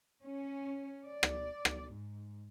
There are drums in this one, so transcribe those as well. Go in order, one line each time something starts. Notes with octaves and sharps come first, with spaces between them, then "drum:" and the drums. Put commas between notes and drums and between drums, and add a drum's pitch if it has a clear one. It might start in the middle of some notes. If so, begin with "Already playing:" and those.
C#4
D5
drum: rim click
drum: rim click
G#2